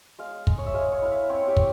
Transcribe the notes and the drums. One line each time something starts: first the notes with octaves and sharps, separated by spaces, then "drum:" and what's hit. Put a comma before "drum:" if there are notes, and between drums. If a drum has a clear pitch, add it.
G#3 F5
G#3, drum: kick
C#5
E5
G#3 F5
C#5
E4 F5
E5
C4 C#5
G4
C4, drum: kick